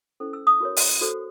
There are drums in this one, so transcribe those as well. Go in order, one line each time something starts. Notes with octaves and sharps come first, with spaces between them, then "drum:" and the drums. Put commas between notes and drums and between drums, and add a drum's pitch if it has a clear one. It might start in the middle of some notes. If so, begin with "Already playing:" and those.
C#4 E4 A4 C5
E6
D#6
F#4 A#4 C#5
drum: open hi-hat
F#4 A4 C5